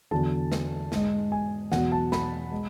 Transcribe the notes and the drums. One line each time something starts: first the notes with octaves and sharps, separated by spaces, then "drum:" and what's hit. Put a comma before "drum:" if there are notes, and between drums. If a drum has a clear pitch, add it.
E2 D3 F#3 A5
drum: snare
G#2 G#3, drum: snare
G#5
E2 B2 F#3 F#5, drum: snare
A5
B5, drum: snare
G#3